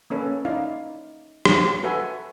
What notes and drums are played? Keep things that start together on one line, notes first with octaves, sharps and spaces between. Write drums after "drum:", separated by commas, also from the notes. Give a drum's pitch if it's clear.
A#3 C#4 A4 B4
D#4 E4 D5 F5
drum: rim click
F#4 A4 B4 E5 F#5 G#5